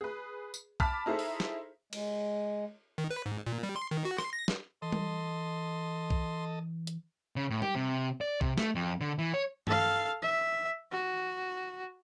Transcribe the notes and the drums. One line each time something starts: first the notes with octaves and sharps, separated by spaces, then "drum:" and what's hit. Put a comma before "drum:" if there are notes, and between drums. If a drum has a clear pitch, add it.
G#4 B4
drum: tambourine
A5 B5 D6 F6 B6, drum: kick
D#4 E4 G#4 A4 C5 E5
drum: open hi-hat
drum: snare
G#3, drum: cymbal
D#3
B4
G#2
A#2
G3
C6
D#3
F#4
C6, drum: rim click
A#6
drum: snare
E3 A4 D#5 C6
drum: tom G3
drum: kick
drum: hi-hat
C#3
A2
G4, drum: tom G3
C3
D5
C3, drum: kick
A3, drum: snare
F2
D3
E3
C#5
A4 F5, drum: tom G2
E5
F#4